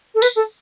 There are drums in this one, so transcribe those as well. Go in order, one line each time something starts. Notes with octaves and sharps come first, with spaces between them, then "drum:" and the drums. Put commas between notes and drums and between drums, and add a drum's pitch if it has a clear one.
A4
B4, drum: tambourine
A4